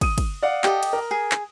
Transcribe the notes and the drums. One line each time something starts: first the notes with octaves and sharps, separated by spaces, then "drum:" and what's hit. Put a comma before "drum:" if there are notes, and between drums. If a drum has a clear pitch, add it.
D#6 D#7, drum: kick, cymbal
drum: kick, cymbal
D5 F5 F#5
G4 A4 D#5, drum: clap
drum: cymbal
A#4
G#4
drum: clap